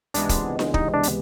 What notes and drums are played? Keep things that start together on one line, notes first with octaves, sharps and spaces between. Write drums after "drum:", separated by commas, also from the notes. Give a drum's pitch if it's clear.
C#2 C3 E3 G#3 B3 D4, drum: hi-hat
drum: kick, hi-hat
drum: snare D4
D#4, drum: kick
D4
drum: hi-hat